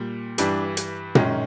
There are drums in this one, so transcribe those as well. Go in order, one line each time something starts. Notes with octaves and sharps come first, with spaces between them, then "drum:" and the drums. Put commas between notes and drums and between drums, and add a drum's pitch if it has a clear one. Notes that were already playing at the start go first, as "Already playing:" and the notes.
Already playing: A#2 G3
G2 E3 G3 D4, drum: hi-hat
drum: hi-hat
F#2 D#3 G#3 C#4, drum: tom A#2